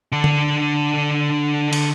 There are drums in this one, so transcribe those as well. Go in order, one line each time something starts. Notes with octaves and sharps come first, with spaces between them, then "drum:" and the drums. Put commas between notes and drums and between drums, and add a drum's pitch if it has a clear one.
D3 D4
drum: tom D3
drum: cymbal